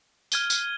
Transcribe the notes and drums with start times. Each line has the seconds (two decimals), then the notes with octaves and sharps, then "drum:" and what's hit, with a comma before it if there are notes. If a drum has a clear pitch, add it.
0.32 F6 G#6 D#7 G7, drum: tambourine
0.50 drum: tambourine